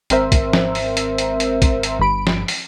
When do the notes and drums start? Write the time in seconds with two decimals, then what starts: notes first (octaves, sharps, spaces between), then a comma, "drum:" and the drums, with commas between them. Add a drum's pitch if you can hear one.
0.10 G#1 C4 A#4 C5 E5, drum: hi-hat
0.32 drum: kick, hi-hat
0.53 drum: snare
0.75 drum: open hi-hat
0.97 drum: hi-hat
1.18 drum: hi-hat
1.40 drum: hi-hat
1.62 drum: kick, hi-hat
1.83 drum: hi-hat
1.99 G1 G2 B5 D7
2.27 drum: snare
2.48 drum: open hi-hat